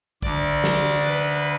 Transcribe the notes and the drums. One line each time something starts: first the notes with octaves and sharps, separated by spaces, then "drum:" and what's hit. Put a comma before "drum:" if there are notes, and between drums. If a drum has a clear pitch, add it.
D2 D3 D5, drum: kick
drum: snare
B4